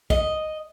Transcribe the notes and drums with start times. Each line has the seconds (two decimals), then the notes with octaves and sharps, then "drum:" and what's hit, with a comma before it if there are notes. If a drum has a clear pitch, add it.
0.10 D#5, drum: kick